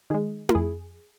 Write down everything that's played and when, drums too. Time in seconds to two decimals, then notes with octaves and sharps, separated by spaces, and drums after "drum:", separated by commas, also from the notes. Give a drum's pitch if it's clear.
0.10 D#3 G#3 G#4
0.49 A#4, drum: tom E4
0.55 F2 G#4